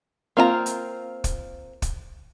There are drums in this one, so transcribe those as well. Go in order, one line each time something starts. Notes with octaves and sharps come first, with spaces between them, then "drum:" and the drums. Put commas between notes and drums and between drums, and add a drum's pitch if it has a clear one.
A#3 C4 F4 D5 A#5
drum: hi-hat
drum: kick, hi-hat
drum: kick, hi-hat